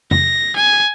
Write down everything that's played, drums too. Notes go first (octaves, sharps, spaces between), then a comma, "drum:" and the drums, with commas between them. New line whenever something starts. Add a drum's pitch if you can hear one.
A#6, drum: tom F2
G#5